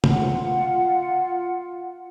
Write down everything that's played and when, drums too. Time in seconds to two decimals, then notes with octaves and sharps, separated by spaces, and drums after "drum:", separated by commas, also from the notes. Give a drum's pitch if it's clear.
0.04 F4 F#5, drum: tom